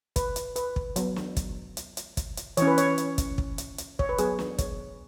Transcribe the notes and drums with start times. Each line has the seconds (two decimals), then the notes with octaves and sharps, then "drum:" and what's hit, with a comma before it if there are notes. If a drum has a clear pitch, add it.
0.16 B4, drum: kick, hi-hat
0.36 drum: hi-hat
0.56 B4, drum: hi-hat
0.76 drum: kick
0.96 F#3 B3, drum: hi-hat
1.16 drum: snare
1.37 drum: kick, hi-hat
1.77 drum: hi-hat
1.97 drum: hi-hat
2.17 drum: kick, hi-hat
2.37 drum: hi-hat
2.57 E3 C#4 C#5, drum: hi-hat
2.67 B4
2.78 C#5, drum: hi-hat
2.98 drum: hi-hat
3.18 drum: kick, hi-hat
3.38 drum: kick
3.58 drum: hi-hat
3.78 drum: hi-hat
3.99 C#5, drum: kick
4.09 B4
4.18 F#3 B3 G#4, drum: hi-hat
4.39 drum: snare
4.58 C#5, drum: kick, hi-hat